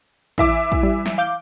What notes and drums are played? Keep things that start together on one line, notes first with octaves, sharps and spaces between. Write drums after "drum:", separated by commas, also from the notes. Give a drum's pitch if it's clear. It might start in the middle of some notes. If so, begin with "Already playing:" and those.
E3 E5 D6, drum: kick
drum: kick
G3
drum: snare
F5 D6 G6